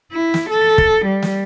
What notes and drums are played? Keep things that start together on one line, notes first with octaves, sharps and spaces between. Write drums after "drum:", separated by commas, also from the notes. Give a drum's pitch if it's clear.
E4
drum: snare
A4
drum: kick
G3
drum: snare